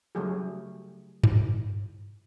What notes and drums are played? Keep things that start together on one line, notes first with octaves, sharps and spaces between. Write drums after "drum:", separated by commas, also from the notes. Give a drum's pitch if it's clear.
C#3 F#3 G3 A3 G4 G#4
drum: tom G2